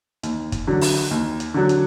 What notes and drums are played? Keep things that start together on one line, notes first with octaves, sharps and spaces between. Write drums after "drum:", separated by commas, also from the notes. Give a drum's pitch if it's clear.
D#2, drum: hi-hat
drum: kick, hi-hat
D3 F#3
drum: open hi-hat
D#2
drum: hi-hat
D3 F#3
drum: hi-hat